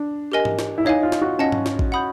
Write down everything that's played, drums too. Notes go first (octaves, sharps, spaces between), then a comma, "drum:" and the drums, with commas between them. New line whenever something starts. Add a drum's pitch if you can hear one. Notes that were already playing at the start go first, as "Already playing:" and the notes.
Already playing: D4
G4 A#4 D#5 G#5
drum: tom G#2
drum: snare
E4
D#4 C#5 F5 G#5
F4
drum: snare
F#4
C#4 D#5 F#5 A5
drum: tom G#2
drum: snare
drum: kick A1
F#5 B5 D#6 G6